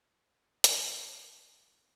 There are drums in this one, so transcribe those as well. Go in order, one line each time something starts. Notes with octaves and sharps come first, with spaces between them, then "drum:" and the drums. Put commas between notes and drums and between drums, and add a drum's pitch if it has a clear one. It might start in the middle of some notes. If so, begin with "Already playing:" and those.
E4 G#4 A4 F#5
drum: hi-hat
F3 G#4
A#2 F3 G#3 A3 C4 D4